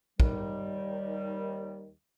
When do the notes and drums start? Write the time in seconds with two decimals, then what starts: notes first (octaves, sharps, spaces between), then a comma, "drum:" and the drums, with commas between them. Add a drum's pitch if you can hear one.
0.20 D#2 D#3 G3, drum: kick